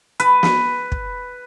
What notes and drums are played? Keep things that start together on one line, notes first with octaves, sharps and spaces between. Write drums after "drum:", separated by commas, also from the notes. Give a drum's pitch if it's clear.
B4, drum: hi-hat
drum: snare
drum: kick